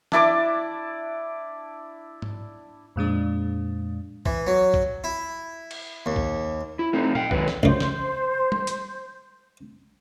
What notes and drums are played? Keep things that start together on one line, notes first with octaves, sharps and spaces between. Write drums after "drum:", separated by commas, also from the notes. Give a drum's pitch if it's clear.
D4 E4 D5 D6, drum: snare
drum: tom G#2
F2 A#2 G#3 D4
E3, drum: kick B1
F#3
drum: kick B1
E4
drum: cymbal
D#2
drum: kick B1
E4
A3 C4 D#4
F5 G5, drum: tom A#2
D#3 F#3 G#3 B4, drum: kick B1
drum: snare
C#2 F#2 C5, drum: kick B1
drum: snare
drum: tom G3
drum: hi-hat